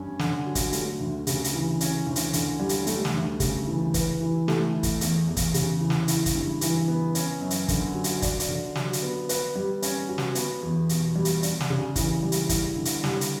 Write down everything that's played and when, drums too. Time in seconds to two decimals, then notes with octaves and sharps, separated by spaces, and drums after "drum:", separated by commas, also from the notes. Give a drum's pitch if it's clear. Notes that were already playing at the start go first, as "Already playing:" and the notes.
Already playing: G2 C#4
0.19 D3, drum: snare
0.46 F#3
0.55 drum: kick, hi-hat
0.72 A3, drum: hi-hat
1.00 D2
1.27 C#3, drum: hi-hat
1.44 drum: hi-hat
1.54 E3
1.80 C#4, drum: hi-hat
2.07 D2
2.16 drum: hi-hat
2.33 D3, drum: hi-hat
2.60 G3
2.69 drum: hi-hat
2.87 A3, drum: hi-hat
3.05 drum: snare
3.14 D2
3.40 C#3, drum: kick, hi-hat
3.67 E3
3.94 B4, drum: kick, hi-hat
4.21 E3
4.48 A3, drum: snare
4.74 E4
4.83 drum: kick, hi-hat
5.01 E2, drum: hi-hat
5.27 E2
5.37 drum: kick, hi-hat
5.54 C#3, drum: hi-hat
5.81 E3
5.90 drum: snare
6.08 E4, drum: hi-hat
6.26 drum: kick, hi-hat
6.35 G2
6.61 E3, drum: hi-hat
6.88 B3
7.15 C#4, drum: hi-hat
7.41 F#2
7.50 drum: hi-hat
7.68 D3, drum: kick, hi-hat
7.94 F#3
8.04 drum: hi-hat
8.22 D4, drum: kick, hi-hat
8.40 drum: hi-hat
8.49 D3
8.75 F#3, drum: snare
8.93 drum: hi-hat
9.03 B3
9.29 B4, drum: hi-hat
9.55 G3
9.82 C#4, drum: hi-hat
10.09 F#4
10.18 drum: snare
10.35 B3, drum: hi-hat
10.62 E2
10.89 B2, drum: hi-hat
11.15 G3
11.25 drum: hi-hat
11.43 D4, drum: hi-hat
11.60 drum: snare
11.70 C#3
11.96 E3, drum: kick, hi-hat
12.23 G3
12.32 drum: hi-hat
12.49 E4, drum: kick, hi-hat
12.76 D3
12.85 drum: hi-hat
13.04 G3, drum: snare
13.21 drum: hi-hat